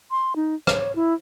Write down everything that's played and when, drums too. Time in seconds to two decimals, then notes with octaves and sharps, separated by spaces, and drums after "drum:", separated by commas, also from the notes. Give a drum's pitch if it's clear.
0.11 C6
0.36 D#4
0.67 C#5, drum: rim click
0.96 E4